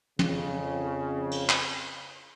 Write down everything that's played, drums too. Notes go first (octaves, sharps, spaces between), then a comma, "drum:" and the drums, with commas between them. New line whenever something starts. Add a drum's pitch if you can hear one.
F2 C#3, drum: tom
drum: cymbal
drum: clap